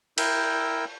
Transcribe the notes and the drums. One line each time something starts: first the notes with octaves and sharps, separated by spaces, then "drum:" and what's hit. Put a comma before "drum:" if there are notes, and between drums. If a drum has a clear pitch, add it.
E4 A#4 G5 E6 G6, drum: cymbal